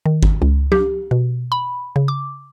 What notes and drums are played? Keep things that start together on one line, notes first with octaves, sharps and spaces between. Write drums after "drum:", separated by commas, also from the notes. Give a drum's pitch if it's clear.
D#3
drum: kick G1
C#2
G4, drum: tom
B2
B5
C#3
D6